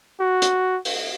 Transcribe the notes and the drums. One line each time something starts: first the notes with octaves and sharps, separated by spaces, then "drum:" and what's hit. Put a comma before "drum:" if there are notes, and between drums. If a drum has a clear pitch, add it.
F#4
drum: hi-hat
drum: open hi-hat